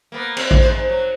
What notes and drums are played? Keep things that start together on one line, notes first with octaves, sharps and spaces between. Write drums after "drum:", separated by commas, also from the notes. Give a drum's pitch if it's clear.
A#3 B3
C4, drum: cymbal
drum: kick A1
D#2 G#2 C5
F#3